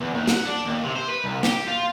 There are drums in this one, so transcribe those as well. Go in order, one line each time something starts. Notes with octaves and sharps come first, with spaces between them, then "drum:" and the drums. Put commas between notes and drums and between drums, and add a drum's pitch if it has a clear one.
E2
D#2
F#5, drum: snare
D4
D#2
C3
C5
B4
C2
G4, drum: snare
F4